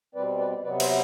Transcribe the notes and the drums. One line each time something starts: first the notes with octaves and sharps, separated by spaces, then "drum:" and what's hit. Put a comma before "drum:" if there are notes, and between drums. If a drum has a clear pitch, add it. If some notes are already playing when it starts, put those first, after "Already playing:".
B2 G3 C4 B4 D5
B4 D5
C3 F#3 B3 B4 D5
C5 E5, drum: cymbal